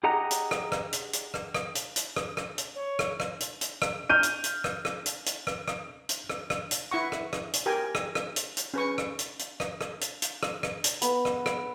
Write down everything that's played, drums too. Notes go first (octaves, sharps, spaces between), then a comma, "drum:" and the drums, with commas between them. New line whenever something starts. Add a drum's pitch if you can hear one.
G4 G#4 D#5 F#5 A#5
drum: hi-hat
drum: rim click
drum: rim click
drum: hi-hat
drum: hi-hat
drum: rim click
drum: rim click
drum: hi-hat
drum: hi-hat
drum: rim click
drum: rim click
drum: hi-hat
C#5
drum: rim click
drum: rim click
drum: hi-hat
drum: hi-hat
drum: rim click
F6 G6 D#7
drum: hi-hat
drum: hi-hat
drum: rim click
drum: rim click
drum: hi-hat
drum: hi-hat
drum: rim click
drum: rim click
drum: hi-hat
drum: rim click
drum: rim click
drum: hi-hat
E4 F#5 C#6
drum: rim click
drum: rim click
drum: hi-hat
G4 A#4 G5 G#5
drum: rim click
drum: rim click
drum: hi-hat
drum: hi-hat
C#4 B4 C#6
drum: rim click
drum: hi-hat
drum: hi-hat
drum: rim click
drum: rim click
drum: hi-hat
drum: hi-hat
drum: rim click
drum: rim click
drum: hi-hat
B3, drum: hi-hat
drum: rim click
drum: rim click